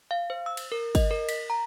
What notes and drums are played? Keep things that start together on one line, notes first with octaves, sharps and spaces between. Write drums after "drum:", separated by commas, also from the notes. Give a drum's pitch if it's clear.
F5
C5
E6
drum: cymbal
A#4
D#5, drum: kick, cymbal
A#4
B6, drum: cymbal
A#5